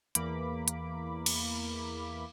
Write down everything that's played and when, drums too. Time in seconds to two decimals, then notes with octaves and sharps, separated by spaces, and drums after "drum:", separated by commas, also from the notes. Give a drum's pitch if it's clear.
0.15 E2 E3 A#3 B5 D6, drum: hi-hat
0.68 drum: hi-hat
1.26 drum: cymbal